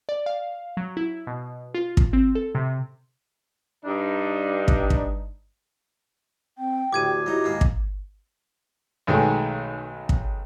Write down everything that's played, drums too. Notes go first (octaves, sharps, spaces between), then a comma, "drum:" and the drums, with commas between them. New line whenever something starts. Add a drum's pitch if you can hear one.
D5
F5
F#3
E4
B2
F4
drum: kick
C4
A4
C3
G2 D4 D#4
drum: kick
drum: kick
C4 G5
A1 D2 G4 D6 G#6 D#7
F#3 D#4 E4 G4
D#2 G#2 A#3
drum: kick
B1 D#3 G#3 A3
drum: kick